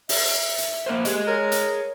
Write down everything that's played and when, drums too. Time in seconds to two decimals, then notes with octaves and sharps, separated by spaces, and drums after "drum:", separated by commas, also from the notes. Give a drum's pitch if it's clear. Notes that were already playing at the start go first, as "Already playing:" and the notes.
0.09 E5, drum: open hi-hat
0.58 drum: hi-hat
0.86 A#3 A#4 C5
1.05 G4 G#4 D#5, drum: hi-hat
1.27 A#4 C#5
1.52 drum: hi-hat